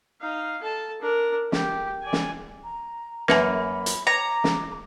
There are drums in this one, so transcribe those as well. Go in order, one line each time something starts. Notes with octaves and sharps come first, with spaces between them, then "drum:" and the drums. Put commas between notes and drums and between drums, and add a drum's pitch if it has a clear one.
D#4 F5
A4 A5
D4 A#4
G4, drum: snare
D5 G#5
drum: snare
A#5
F#2 A#3 B4 E5 A5 B5, drum: snare
drum: hi-hat
C#5 A#5 D6
drum: snare